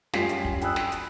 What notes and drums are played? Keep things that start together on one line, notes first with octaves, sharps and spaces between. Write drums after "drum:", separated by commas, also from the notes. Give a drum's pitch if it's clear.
F#2 G3 F4 G#5 B6 C7, drum: snare
drum: hi-hat
drum: kick
G5 G#5 B5 D#6 E6 F#6, drum: hi-hat
drum: snare
drum: hi-hat